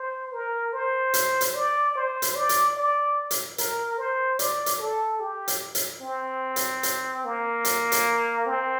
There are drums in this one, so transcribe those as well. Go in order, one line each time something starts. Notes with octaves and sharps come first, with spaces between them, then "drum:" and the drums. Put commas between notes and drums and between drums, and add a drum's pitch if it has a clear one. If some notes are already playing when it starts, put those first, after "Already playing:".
Already playing: C5
A#4
C5
drum: hi-hat
drum: hi-hat
D5
C5
drum: hi-hat
D5
drum: hi-hat
D5
drum: hi-hat
A#4, drum: hi-hat
C5
D5, drum: hi-hat
drum: hi-hat
A4
G4
drum: hi-hat
drum: hi-hat
C4
drum: hi-hat
drum: hi-hat
A#3
drum: hi-hat
drum: hi-hat
C4